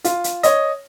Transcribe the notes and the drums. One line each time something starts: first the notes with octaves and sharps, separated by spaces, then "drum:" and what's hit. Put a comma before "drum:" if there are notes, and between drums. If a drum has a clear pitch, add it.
F4, drum: hi-hat
drum: hi-hat
C#5 D#5, drum: hi-hat